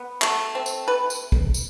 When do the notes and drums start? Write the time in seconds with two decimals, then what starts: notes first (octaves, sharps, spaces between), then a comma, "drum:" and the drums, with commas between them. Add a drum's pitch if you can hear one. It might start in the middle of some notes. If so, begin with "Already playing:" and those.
Already playing: B3
0.22 A3, drum: clap
0.55 C4
0.66 drum: tambourine
0.88 B4
1.10 drum: tambourine
1.32 drum: kick
1.54 drum: tambourine